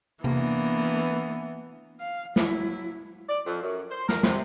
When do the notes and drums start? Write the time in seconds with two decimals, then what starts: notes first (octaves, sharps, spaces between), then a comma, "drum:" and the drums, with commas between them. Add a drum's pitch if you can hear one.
0.24 E3 A#3 B3 D4, drum: tom C3
2.00 F5
2.36 F#3 E4, drum: snare
3.29 D5
3.46 F2
3.63 F#2
3.91 C5
4.09 A#4, drum: snare
4.23 C3, drum: snare